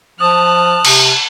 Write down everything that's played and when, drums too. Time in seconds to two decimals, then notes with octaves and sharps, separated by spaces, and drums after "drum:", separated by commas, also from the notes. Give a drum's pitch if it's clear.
0.20 F3 A5 D#6 F6 F#6
0.85 C3, drum: cymbal